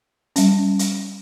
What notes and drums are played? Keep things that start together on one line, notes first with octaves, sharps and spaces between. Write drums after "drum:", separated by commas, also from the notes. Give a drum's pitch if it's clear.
G3 C#4, drum: hi-hat
drum: hi-hat